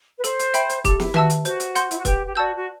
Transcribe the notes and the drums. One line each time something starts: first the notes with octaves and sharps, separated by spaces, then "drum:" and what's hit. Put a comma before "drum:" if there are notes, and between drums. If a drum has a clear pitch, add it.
B4
A4 C5, drum: hi-hat
drum: hi-hat
E5 G5 B5, drum: hi-hat
drum: hi-hat
G4 A4, drum: kick, hi-hat
E4, drum: snare
F#4 B4 E5 A5 E6, drum: tom D#3
drum: hi-hat
F#4 C5, drum: hi-hat
drum: hi-hat
F#5 C6 G6, drum: hi-hat
E4, drum: hi-hat
F#4
G4 B4, drum: kick, hi-hat
G4
F#4 D5 A5 E6 G6
F#4